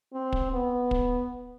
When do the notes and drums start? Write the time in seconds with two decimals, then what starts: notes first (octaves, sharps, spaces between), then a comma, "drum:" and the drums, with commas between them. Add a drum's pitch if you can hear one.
0.13 C4
0.32 drum: kick
0.52 B3
0.91 drum: kick